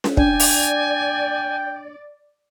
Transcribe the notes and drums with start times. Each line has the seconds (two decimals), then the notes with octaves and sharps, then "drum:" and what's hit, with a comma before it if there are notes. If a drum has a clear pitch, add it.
0.04 drum: snare C#4
0.17 D4 D5 G5 G#5, drum: kick
0.40 drum: open hi-hat